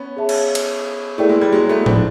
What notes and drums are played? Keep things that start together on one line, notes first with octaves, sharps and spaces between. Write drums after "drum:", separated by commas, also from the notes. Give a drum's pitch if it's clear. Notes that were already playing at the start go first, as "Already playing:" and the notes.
Already playing: B3 C#4
G#4 C#5 E5 A5
drum: cymbal
drum: cymbal
A3 E4 G#4 B4 D5 G5
G#3
G3
F#3 G#3
A3 B3
C4 D4, drum: tom A2